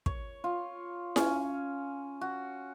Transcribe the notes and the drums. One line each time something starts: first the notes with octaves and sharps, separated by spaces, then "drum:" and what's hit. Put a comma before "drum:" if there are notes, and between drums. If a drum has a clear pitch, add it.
C#5, drum: kick
F4
C#4, drum: snare E4
F#4